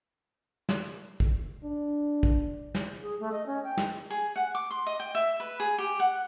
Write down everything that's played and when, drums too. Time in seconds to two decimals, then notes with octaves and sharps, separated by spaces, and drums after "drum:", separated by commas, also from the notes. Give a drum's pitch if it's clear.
0.69 drum: snare
1.20 drum: kick
1.64 D4
2.23 drum: kick
2.75 drum: snare
3.02 G#4
3.20 A3
3.32 D#5
3.46 C#4
3.64 G5
3.77 drum: snare
4.10 G#4
4.36 F#5
4.55 D6
4.71 C6
4.87 D#5
5.00 G5
5.15 E5
5.40 B4
5.60 G#4
5.78 G4
6.00 F#5